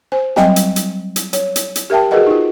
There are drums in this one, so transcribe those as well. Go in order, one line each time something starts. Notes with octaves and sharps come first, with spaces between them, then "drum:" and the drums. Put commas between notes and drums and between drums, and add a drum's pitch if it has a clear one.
C5 G#5
F#3 G3 C4 D#5 G5 G#5, drum: snare
drum: hi-hat
drum: hi-hat
drum: hi-hat
C#5, drum: hi-hat
drum: hi-hat
drum: hi-hat
G4 A#4 E5 G5 A5
F#4 G#4 A#4 B4 D#5 F#5
D#4 F4